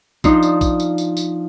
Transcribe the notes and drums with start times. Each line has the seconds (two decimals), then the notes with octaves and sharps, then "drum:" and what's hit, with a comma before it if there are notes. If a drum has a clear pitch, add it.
0.24 F3 D4 D#4, drum: kick, tambourine
0.43 drum: tambourine
0.61 drum: kick, tambourine
0.80 drum: tambourine
0.98 drum: tambourine
1.17 drum: tambourine